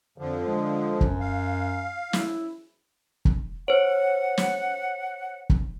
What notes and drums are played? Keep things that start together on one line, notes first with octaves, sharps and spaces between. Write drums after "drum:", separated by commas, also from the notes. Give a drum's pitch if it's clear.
F2 D3 F3
G#3
F#2, drum: kick
F5
E4, drum: snare
drum: kick
C5 C#5 F#5
drum: snare
drum: kick